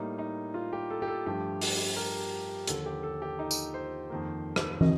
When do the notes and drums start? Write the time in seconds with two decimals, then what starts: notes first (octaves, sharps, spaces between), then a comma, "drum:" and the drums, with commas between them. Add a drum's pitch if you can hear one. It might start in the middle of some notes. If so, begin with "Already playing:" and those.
Already playing: A2 G3 A#3 D#4
0.18 D#4
0.54 F4
0.73 G4
0.90 A4
1.02 G4
1.08 A4
1.26 G2 F3 A3 G4
1.61 drum: open hi-hat
1.96 A#4
2.67 D#2 D3 F3 A4, drum: hi-hat
2.86 G4
3.03 A4
3.22 G4
3.39 D#4
3.51 drum: tambourine
3.74 C5
4.10 F2 D#3 A#3
4.56 drum: rim click
4.81 D#5, drum: tom